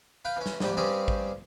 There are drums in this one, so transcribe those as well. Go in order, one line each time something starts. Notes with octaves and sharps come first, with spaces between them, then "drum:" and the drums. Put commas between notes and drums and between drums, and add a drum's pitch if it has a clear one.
B4 F5 G5
E3 C#4
drum: snare
A#1 G#2 G3 G4, drum: snare
G2 G3 C4 C#4 G4 G#4
drum: kick